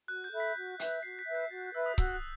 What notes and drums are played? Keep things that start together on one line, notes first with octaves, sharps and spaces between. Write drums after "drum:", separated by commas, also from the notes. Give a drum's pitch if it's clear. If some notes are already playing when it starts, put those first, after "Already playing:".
F#4 F#6
G6
A4 E5 B5
B6
F#4
B4 E5, drum: hi-hat
F#4 C7
B6
B4 E5
G6
F#4 A6
B4 E5 E6
D#6
F#4 E6, drum: kick C#1
F#6